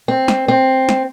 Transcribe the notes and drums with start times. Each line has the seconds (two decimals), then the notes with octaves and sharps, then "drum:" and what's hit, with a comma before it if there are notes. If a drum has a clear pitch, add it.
0.08 C4
0.28 drum: snare
0.48 C4
0.89 drum: snare